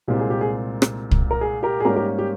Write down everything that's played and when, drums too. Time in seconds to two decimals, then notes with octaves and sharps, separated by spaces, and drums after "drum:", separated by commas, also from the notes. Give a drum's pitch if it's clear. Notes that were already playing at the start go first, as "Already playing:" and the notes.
0.07 C2 A#2 G#3 C4 G4
0.19 G#4
0.30 G4
0.41 G#4
0.82 drum: rim click
1.11 drum: kick
1.31 A#4
1.41 G#4
1.63 G4 A#4
1.80 G#4
1.85 G#2 G3 A#3 C#4 G4 A#4
1.96 G4 A#4
2.18 G4